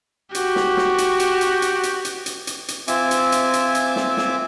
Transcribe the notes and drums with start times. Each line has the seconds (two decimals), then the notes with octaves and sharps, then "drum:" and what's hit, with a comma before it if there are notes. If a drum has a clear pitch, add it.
0.35 F#4 G4, drum: hi-hat
0.56 drum: snare
0.77 drum: snare
0.98 drum: hi-hat
1.20 drum: hi-hat
1.41 drum: hi-hat
1.62 drum: hi-hat
1.83 drum: hi-hat
2.05 drum: hi-hat
2.26 drum: hi-hat
2.47 drum: hi-hat
2.68 drum: hi-hat
2.88 C4 F4 E5 G#5 D6, drum: hi-hat
3.11 drum: hi-hat
3.32 drum: hi-hat
3.53 drum: hi-hat
3.75 drum: hi-hat
3.96 drum: snare
4.17 drum: snare